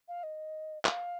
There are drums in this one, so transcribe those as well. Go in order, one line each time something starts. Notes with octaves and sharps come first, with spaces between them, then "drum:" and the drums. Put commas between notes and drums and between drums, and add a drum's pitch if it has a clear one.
F5
D#5
F5, drum: clap